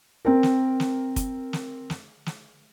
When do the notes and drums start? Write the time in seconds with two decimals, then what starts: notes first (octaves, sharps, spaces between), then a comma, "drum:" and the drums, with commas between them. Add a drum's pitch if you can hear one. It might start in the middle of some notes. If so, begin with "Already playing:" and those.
0.25 C4 A#4
0.43 drum: snare
0.80 drum: snare
1.16 drum: kick, hi-hat
1.53 drum: snare
1.90 drum: snare
2.26 drum: snare